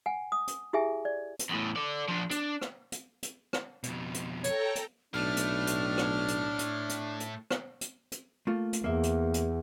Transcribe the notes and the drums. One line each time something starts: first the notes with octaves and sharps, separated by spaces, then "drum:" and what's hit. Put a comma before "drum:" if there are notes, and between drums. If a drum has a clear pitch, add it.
F#5 G#5
D#6
drum: hi-hat
E4 G4 G#4 E5 G#5
D5
drum: hi-hat
E2 A2
A4 D5
F3 D4
D4, drum: hi-hat
drum: rim click
drum: hi-hat
drum: hi-hat
drum: rim click
F2 B2, drum: hi-hat
drum: hi-hat
A4 C#5 G5 A#5, drum: hi-hat
drum: hi-hat
B1 A2 A3 D4 F6
drum: hi-hat
drum: hi-hat
drum: rim click
drum: hi-hat
drum: hi-hat
drum: hi-hat
drum: hi-hat
drum: rim click
drum: hi-hat
drum: hi-hat
A3 A#3 F4
drum: hi-hat
E2 A#3 E5
drum: hi-hat
drum: hi-hat